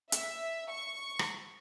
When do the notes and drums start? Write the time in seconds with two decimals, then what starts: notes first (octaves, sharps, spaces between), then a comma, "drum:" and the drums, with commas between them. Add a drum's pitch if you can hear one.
0.12 E5, drum: hi-hat
0.70 C#6
1.19 drum: rim click